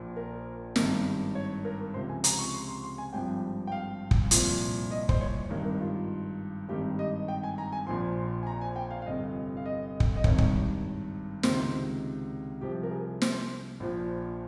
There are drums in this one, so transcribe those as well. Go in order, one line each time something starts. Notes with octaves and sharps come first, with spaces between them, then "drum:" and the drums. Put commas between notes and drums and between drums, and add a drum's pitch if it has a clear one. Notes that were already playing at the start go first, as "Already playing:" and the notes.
Already playing: A#1 A#2 F3
A#4
G#1 G2 D#3, drum: snare
C#5
A#4
C#2 C3 F3 C5
G#5
A#5, drum: hi-hat
C#6
C6
C6
C6
G#5
G#1 G2 F3 G5
G5
F5
drum: kick
C2 A#2 F3, drum: hi-hat
D#5
C5, drum: kick
C#5
G#1 G2 D#3
A#4
F4
F4
G#1 G2 D#3 G4
D#5
G5
G#5
A#5
G#5
A#1 A#2 F3 C6
C6
G#5
A#5
G#5
G5
F5
F5
G1 F2 C3 D#5
F5
D#5
drum: kick
D#5
G#1 G2 D#3 C#5, drum: kick
drum: kick
C#2 C3 D#3 C5, drum: snare
C2 C3 F3 G4
A#4
G#4
C5, drum: snare
A#1 A#2 F3